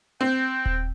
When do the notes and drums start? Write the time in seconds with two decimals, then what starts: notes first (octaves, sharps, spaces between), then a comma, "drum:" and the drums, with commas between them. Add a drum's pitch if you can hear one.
0.21 C4 G5
0.66 drum: kick D#1